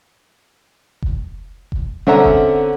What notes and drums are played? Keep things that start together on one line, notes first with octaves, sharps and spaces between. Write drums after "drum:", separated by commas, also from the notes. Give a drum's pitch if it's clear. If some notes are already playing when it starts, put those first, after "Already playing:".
drum: kick F1
drum: kick F1
D3 C4 C#4 E5 F#5 A#5
drum: kick F1